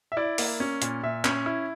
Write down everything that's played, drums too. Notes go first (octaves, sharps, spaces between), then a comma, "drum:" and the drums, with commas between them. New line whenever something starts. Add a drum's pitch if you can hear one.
E5
E4 D5
A#3, drum: open hi-hat
C#4
A#2, drum: hi-hat
A#2 E5
C#4, drum: clap
E4